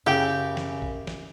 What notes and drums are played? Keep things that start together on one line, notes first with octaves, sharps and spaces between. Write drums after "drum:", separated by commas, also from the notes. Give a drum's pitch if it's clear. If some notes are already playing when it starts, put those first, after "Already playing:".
F#2 C#3 G4 G5
drum: snare
drum: kick A#1
drum: snare